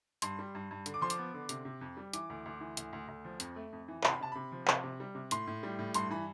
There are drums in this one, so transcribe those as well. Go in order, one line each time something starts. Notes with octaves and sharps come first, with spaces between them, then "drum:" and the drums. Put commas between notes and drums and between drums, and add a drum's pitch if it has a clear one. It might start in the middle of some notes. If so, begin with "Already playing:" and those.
G2 C6, drum: hi-hat
G3
G2
G2
D3, drum: hi-hat
D6
F3 C6
D6, drum: hi-hat
B3
D3
C3, drum: hi-hat
C3
F2
G3
E3 D6, drum: hi-hat
D2
D2
E3
D2, drum: hi-hat
D2
D2
F3
F2, drum: hi-hat
A3
F2
E3
C3 C6, drum: clap
B5
C3 A5
C3 B5
F3
C3, drum: clap
C3
G3
C3
A2 C6, drum: hi-hat
A2
G3
A2
G2 C6, drum: hi-hat
E3 B5